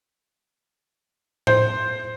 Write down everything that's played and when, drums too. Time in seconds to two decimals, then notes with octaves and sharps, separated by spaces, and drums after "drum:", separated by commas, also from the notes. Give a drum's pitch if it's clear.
1.47 C5, drum: tom A2